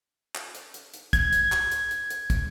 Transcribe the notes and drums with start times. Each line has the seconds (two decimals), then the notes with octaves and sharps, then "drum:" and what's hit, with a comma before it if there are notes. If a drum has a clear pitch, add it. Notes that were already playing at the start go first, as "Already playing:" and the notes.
0.35 drum: clap
0.55 drum: hi-hat
0.74 drum: hi-hat
0.94 drum: hi-hat
1.13 G#6, drum: kick, hi-hat
1.33 drum: hi-hat
1.52 drum: clap
1.71 drum: hi-hat
1.91 drum: hi-hat
2.10 drum: hi-hat
2.30 drum: kick, hi-hat